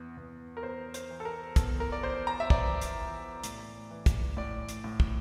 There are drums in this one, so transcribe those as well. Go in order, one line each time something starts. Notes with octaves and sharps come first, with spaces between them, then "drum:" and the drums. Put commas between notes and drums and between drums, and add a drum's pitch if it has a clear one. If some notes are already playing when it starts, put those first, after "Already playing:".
Already playing: E2
E2
A#4
E2 C5
C5, drum: hi-hat
E3
A4
A#4
E2 A4, drum: kick, hi-hat
A#4
D5
E2 C5
A#5
E5
E3 D5, drum: kick
drum: hi-hat
E3
A2, drum: hi-hat
E3
drum: kick, hi-hat
A2 D5
drum: hi-hat
A2
drum: kick